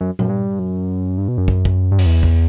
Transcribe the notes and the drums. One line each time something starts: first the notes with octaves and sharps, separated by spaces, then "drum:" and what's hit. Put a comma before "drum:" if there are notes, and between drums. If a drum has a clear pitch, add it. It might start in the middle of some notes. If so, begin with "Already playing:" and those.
F#2
F#2, drum: tom A#2
G2
F#2
G2
B2
F#2
drum: kick
drum: kick
G2
F#2, drum: cymbal
E2
drum: kick